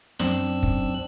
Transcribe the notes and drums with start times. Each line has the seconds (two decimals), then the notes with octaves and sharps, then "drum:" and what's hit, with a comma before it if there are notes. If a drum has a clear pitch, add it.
0.19 F#2 C4 D4 E6 F#6, drum: snare
0.63 drum: kick